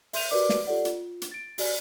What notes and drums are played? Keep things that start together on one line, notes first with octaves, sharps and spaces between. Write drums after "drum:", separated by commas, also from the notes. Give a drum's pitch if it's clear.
E5 C6 G6 D#7 F7, drum: open hi-hat
F#4 G4 A#4 B4 D5 D6
drum: snare
F4 G4 A4 C#5 D5 F#5
F4, drum: hi-hat
drum: hi-hat
A6 D7
F#4 G4 D5 G#5, drum: open hi-hat